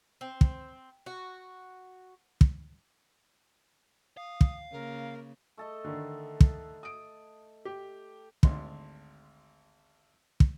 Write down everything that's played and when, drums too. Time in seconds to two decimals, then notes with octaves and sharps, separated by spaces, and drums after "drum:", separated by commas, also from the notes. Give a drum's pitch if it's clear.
0.21 C4
0.41 drum: kick
1.06 F#4
2.41 drum: kick
4.17 F5 D#6
4.41 drum: kick
4.72 C#3 A#3 A#4
5.57 A3 A4 D#5
5.84 D3 D#3
6.41 drum: kick
6.83 D#6 D7
7.65 G4
8.43 G#1 D2 C6, drum: kick
10.40 drum: kick